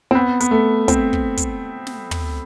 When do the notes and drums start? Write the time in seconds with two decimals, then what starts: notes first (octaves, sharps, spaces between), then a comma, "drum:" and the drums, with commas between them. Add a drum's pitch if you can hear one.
0.11 C4
0.15 B3
0.40 B3, drum: hi-hat
0.51 A3
0.88 C4, drum: kick, hi-hat
1.13 drum: kick
1.37 drum: kick, hi-hat
1.87 drum: snare
2.11 drum: tom